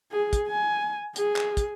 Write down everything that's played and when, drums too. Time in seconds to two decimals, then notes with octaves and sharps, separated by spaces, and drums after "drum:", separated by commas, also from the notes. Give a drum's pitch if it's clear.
0.12 G#4
0.33 drum: kick, hi-hat
0.48 G#5
1.16 G#4, drum: hi-hat
1.36 drum: clap
1.57 drum: kick, hi-hat